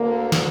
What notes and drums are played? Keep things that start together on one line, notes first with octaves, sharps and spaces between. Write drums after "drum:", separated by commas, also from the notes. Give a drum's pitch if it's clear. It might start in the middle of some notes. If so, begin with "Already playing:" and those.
Already playing: D2 D3 A#3
drum: snare